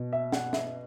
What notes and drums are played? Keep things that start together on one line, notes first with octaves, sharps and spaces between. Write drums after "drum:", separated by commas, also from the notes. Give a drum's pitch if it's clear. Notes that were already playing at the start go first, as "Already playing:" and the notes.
Already playing: B2
E5
F#5, drum: snare
E5, drum: snare